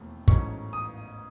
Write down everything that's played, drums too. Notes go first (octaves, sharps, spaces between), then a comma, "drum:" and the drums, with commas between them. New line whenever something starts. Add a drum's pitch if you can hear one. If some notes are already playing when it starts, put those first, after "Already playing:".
Already playing: E1 D#2 A3
A1 G#2 F#3 A3 C#4 C#6, drum: kick
D#6